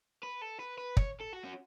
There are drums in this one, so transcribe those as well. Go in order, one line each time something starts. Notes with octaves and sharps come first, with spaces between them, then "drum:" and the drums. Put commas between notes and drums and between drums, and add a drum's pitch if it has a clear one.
B4
A4
B4
B4
C#5, drum: kick
A4
F#4
C#4